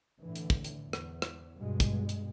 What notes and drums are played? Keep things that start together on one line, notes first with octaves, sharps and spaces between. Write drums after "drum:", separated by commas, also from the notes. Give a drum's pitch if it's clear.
A2 D3 E3
drum: hi-hat
drum: kick
drum: hi-hat
E2
drum: rim click
drum: rim click
G2 B2 G#3
drum: kick, hi-hat
drum: hi-hat